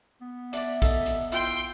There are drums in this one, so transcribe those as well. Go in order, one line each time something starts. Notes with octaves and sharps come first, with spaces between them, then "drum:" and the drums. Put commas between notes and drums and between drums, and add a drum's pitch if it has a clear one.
B3
D4 D5 E5, drum: hi-hat
D#4 A4, drum: kick A#1, hi-hat
drum: hi-hat
E4 F4 G5 C6, drum: hi-hat